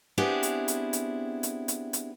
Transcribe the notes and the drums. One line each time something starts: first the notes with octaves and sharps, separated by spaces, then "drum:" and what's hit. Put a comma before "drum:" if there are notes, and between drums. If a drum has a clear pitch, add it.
B3 C4 D4 E4 G4 G#4
drum: hi-hat
drum: hi-hat
drum: hi-hat
drum: hi-hat
drum: hi-hat
drum: hi-hat